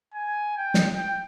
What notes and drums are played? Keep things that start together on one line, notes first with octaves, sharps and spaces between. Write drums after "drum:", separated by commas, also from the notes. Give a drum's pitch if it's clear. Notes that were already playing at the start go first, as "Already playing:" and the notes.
G#5
G5
drum: snare
G5